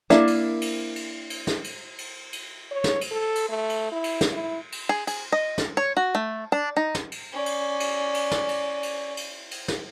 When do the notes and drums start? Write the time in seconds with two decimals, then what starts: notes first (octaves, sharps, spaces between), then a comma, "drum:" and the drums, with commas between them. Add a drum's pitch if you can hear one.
0.10 A#3 D4 E4 D5, drum: snare
0.27 drum: cymbal
0.62 drum: cymbal
0.96 drum: cymbal
1.30 drum: cymbal
1.47 drum: snare
1.64 drum: cymbal
1.98 drum: cymbal
2.33 drum: cymbal
2.71 C#5
2.84 drum: snare
3.01 drum: cymbal
3.11 A4
3.35 drum: cymbal
3.49 A3
3.70 drum: cymbal
3.92 E4
4.04 drum: cymbal
4.21 drum: snare
4.32 E4
4.72 drum: cymbal
4.89 G#4
5.07 G#4, drum: cymbal
5.32 D#5
5.58 drum: snare
5.77 C#5
5.97 F#4
6.15 A3
6.52 D4
6.77 D#4
6.95 drum: snare
7.12 drum: cymbal
7.32 C#4 D5
7.46 drum: cymbal
7.80 drum: cymbal
8.14 drum: cymbal
8.31 drum: snare
8.49 drum: cymbal
8.83 drum: cymbal
9.17 drum: cymbal
9.51 drum: cymbal
9.68 drum: snare